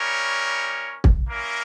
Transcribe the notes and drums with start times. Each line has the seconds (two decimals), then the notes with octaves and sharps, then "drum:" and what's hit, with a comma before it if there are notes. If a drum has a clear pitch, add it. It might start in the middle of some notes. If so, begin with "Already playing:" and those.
Already playing: G3 C#4 E4 A#4 C#5
1.04 drum: kick
1.30 A#3 C#4 E4 A#4